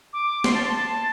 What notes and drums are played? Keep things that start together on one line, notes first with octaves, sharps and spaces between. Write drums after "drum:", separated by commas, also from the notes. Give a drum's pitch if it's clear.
D6
C6, drum: snare
A5
C6
A5